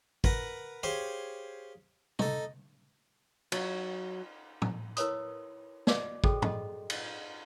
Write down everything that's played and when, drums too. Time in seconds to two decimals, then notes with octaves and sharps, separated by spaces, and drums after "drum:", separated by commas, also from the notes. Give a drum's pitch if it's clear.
0.24 A#4 B4 F#5 A#5, drum: kick
0.83 G4 G#4 C5 C#5 F5
2.19 D#4 A4, drum: tom
3.52 F#3, drum: cymbal
4.62 drum: tom
4.97 E4 A#4 B4 C#5 C6 D#6, drum: hi-hat
5.87 D5 D#5 C6 D6, drum: snare
6.24 F#4 G#4 A4 C5 G5 C6, drum: kick
6.42 A4 D#5 C6, drum: tom
6.90 drum: cymbal